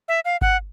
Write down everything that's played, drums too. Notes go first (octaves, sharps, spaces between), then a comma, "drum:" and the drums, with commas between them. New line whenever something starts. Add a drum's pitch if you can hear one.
E5
F5
F#5, drum: kick G1